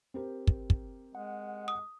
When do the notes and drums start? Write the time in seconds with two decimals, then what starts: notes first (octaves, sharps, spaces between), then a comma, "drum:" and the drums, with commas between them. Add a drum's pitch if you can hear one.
0.14 C4 G4 A#4
0.47 drum: kick
0.70 drum: kick
1.15 G#3 F#5
1.68 D#6